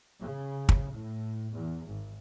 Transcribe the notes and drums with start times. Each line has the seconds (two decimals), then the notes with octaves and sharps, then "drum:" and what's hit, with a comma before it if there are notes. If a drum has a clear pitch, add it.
0.22 C#3
0.69 drum: kick
0.93 A2
1.55 E2
1.87 G#1